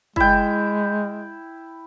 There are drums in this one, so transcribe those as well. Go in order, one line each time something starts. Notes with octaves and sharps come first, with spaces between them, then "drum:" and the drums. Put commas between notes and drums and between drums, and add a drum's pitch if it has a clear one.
G#3 E4 G5, drum: kick